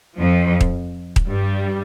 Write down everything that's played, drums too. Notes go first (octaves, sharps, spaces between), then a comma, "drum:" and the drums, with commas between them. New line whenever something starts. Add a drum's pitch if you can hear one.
F2 F3
drum: kick D#1
drum: kick D#1
G2 G3